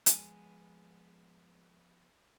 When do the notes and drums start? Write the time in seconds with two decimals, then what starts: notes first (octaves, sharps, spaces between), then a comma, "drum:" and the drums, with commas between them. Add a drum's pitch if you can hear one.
0.06 F3 G#3 B3 G#5, drum: hi-hat